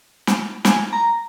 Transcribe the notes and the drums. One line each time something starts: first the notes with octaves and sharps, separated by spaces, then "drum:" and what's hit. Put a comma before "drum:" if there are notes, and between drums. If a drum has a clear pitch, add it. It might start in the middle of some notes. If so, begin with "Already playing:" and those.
drum: snare
G#5, drum: snare
A#5